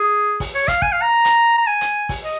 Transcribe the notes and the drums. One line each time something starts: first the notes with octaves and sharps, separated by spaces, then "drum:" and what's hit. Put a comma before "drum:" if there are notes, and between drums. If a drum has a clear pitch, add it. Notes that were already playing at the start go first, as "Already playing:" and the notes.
Already playing: G#4
drum: kick, open hi-hat
C#5
F5, drum: kick, hi-hat
G#5, drum: kick
F5
A#5
drum: hi-hat
A#5
G#5
drum: hi-hat
drum: kick, open hi-hat
D#5